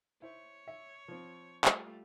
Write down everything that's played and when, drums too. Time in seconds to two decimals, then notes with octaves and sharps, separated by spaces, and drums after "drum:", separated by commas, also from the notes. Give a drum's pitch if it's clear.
0.22 E4 C5 C#5
0.68 E5
1.08 F3 C4
1.65 G3 A3 F4, drum: clap